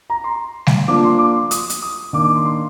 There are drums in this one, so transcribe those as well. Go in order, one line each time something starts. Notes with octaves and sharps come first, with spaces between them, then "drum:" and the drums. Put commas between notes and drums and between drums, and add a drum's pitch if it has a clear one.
A#5
C6
drum: snare G3
F3 A#3 D4 D6
C6
D6
D#6, drum: hi-hat
drum: hi-hat
D#6
D#3 A#3 D4 D6
D6
C6
C6